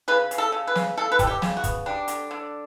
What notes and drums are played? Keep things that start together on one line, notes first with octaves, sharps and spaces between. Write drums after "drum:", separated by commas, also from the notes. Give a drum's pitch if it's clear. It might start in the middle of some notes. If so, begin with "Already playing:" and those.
C#3 B4
C#3, drum: hi-hat
A4
C#3
B4
C#3, drum: snare
C#3 A4
B4
G3 A4, drum: kick, hi-hat
G4
C#3, drum: snare
F#4
B3, drum: kick, hi-hat
G3 D4
D3, drum: hi-hat
D3